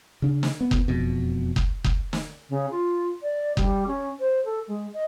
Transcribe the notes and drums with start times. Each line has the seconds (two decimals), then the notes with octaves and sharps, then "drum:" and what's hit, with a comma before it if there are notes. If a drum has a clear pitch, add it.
0.22 C#3 D4
0.43 drum: snare
0.61 B3
0.71 drum: kick F#1
0.88 E1 F2 B2
1.56 drum: kick F#1
1.84 drum: kick F#1
2.13 drum: snare
2.49 C#3
2.71 F4
3.22 D5
3.57 G3, drum: kick F#1
3.87 C#4
4.20 C5
4.45 A4
4.68 G#3
4.93 D#5